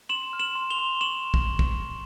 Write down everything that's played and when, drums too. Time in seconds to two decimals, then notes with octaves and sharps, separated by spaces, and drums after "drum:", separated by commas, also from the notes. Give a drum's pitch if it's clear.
0.09 C6 E7 F#7
0.33 F6
0.40 E7 F#7
0.55 C6
0.70 F7 G7
0.78 C6
1.01 C#6 E7 F#7
1.34 drum: kick
1.59 drum: kick